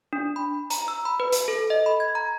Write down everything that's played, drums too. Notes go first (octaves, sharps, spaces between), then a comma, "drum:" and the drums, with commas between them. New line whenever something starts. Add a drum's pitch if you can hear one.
D4
B5
A#5, drum: hi-hat
E6
B5
B4
drum: hi-hat
A4
D#5
B5
G#6
A#5